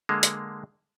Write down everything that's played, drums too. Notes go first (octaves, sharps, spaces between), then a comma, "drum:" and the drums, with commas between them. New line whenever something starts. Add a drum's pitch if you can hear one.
D3 G#3 A#3
drum: hi-hat